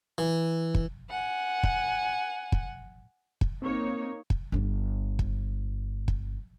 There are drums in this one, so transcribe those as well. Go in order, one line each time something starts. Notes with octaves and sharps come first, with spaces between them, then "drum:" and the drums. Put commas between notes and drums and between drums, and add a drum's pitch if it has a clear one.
E3
drum: kick
F#5 G#5
drum: kick
drum: kick
drum: kick
A#3 C4 D#4 C#5
drum: kick
G1 D4
drum: kick
drum: kick